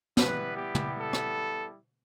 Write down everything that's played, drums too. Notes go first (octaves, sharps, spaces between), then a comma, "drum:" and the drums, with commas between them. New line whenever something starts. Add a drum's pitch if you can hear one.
G3 B3 E4 B4, drum: snare
G4
drum: tom
A4
drum: rim click